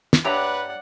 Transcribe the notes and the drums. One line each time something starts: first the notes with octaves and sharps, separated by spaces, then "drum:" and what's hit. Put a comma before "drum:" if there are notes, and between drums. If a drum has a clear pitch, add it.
drum: snare
G2 G4 B4 C#5 D5 E5 F#5 A#5